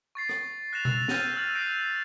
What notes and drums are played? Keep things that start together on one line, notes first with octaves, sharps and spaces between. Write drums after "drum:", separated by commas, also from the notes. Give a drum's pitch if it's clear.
C#6 A6 C7
drum: rim click
F#6 A#6 C7 E7 F7
E6 A6 E7 F7, drum: tom B2
F6 G6 A6 A#6 D#7 E7, drum: snare
E6 F6 A6 F#7
F6 G6 A#6 C7 D7